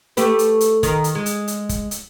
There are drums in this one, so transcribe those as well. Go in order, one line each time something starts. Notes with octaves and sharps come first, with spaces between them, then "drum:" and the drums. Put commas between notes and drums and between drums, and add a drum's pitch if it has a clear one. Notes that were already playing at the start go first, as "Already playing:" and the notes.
A3 G4 B4, drum: hi-hat
drum: hi-hat
drum: hi-hat
D#3, drum: kick, hi-hat
drum: hi-hat
G#3
drum: hi-hat
drum: hi-hat
drum: kick, hi-hat
drum: hi-hat